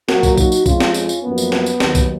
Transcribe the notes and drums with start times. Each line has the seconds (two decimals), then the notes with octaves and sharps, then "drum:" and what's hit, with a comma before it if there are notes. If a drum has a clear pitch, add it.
0.09 A#2 F#3 A#3 F#4 A#4, drum: snare
0.23 drum: kick, tambourine
0.38 D#4 F#4, drum: kick, tambourine
0.52 drum: tambourine
0.66 F2 F3 G#3 C#4 F4, drum: kick, tambourine
0.80 drum: snare
0.94 C#4 F4, drum: tambourine
1.09 drum: tambourine
1.24 F#2 F3 A#3 B3
1.38 drum: tambourine
1.52 drum: snare
1.66 drum: tambourine
1.80 D#2 D#3 F#3 A#3, drum: snare
1.95 drum: kick, tambourine